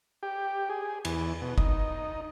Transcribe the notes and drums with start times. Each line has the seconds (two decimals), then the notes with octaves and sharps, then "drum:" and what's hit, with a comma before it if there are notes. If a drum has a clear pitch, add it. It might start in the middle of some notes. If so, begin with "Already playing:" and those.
0.23 G4
0.70 G#4
1.05 E2, drum: cymbal
1.41 B2
1.58 D#4, drum: kick G1